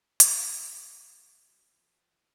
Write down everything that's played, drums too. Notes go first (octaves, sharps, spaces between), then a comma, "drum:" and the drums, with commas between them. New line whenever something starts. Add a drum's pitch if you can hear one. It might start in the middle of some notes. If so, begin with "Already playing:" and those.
C4, drum: hi-hat
A#3
G#3
F3
A#3
F#3
F3
F3
F3
D#3